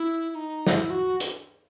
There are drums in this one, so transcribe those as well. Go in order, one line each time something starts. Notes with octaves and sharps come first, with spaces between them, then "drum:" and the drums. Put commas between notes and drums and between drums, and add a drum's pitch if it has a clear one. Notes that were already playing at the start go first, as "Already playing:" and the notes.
Already playing: E4
E4
D#4
E4, drum: snare
F#4
drum: hi-hat